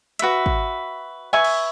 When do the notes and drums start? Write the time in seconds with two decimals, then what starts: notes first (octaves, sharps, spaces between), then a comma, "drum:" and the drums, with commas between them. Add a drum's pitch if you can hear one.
0.19 F#4 B4 E5, drum: hi-hat
0.46 drum: kick
1.33 B4 E5 G#5 C#6
1.44 drum: cymbal